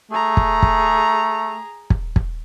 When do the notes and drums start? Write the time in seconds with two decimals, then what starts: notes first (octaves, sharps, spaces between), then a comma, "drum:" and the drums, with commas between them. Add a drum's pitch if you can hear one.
0.11 A3 G#4 A#5
0.37 drum: kick
0.63 drum: kick
1.90 drum: kick
2.16 drum: kick